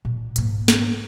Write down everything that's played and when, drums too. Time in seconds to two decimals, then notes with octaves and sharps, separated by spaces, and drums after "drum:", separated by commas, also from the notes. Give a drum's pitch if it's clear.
0.05 A#2
0.36 G#2 A#3, drum: hi-hat
0.68 drum: snare